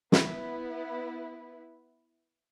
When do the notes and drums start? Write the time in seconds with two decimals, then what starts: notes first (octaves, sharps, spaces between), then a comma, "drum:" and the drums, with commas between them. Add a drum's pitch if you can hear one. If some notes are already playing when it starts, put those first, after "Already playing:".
0.12 B3 E4 B4, drum: snare